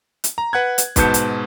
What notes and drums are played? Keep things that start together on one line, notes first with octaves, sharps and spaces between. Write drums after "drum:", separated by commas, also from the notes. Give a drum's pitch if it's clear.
drum: hi-hat
A#5
B4 F#5 F#6 G#6
drum: hi-hat
G#2 B2 B4 A5 G6 C#7, drum: kick, hi-hat
drum: hi-hat